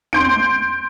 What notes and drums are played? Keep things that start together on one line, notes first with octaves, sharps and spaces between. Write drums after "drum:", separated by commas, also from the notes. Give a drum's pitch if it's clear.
C6 G6 D7, drum: tom